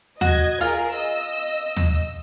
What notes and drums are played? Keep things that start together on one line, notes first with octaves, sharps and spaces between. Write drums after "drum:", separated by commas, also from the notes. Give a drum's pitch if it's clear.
F#4 D#5 G#6, drum: tom D#2
F4 G#4 A#4
D#5 E6
drum: tom D#2